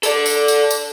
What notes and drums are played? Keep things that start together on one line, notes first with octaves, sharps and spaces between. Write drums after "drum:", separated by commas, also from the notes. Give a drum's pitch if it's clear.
A4 D5, drum: tambourine
drum: tambourine
drum: tambourine
drum: tambourine